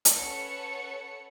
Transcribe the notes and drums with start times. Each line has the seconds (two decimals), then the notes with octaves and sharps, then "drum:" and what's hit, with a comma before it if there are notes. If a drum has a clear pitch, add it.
0.05 drum: hi-hat
0.16 C#4 A4 B4 C#5 F#5 C#7